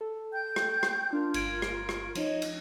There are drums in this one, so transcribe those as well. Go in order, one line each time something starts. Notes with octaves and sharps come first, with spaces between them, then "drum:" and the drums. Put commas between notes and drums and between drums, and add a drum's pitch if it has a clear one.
A4
G5 G6
drum: rim click
drum: rim click
D4 F4 A#4
G1 G#6 D7, drum: cymbal
drum: rim click
drum: rim click
F3 D#4 C#5 D#5, drum: cymbal
drum: cymbal